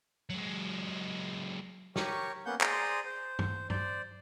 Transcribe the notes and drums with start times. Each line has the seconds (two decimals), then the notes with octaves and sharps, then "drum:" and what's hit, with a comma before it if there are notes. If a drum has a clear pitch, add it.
0.30 F#3 G#3
1.96 G4 A#4 C#5 C#6, drum: snare
2.46 A#3 B3 C#4 F#5 G6
2.61 G#4 C5 D5 A#5 C6 D#6, drum: clap
3.05 C5
3.39 drum: tom G2
3.70 C5 D5, drum: tom G2